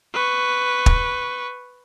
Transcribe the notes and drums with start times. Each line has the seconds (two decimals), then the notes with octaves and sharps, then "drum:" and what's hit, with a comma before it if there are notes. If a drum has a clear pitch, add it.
0.14 B4 C#6
0.86 drum: kick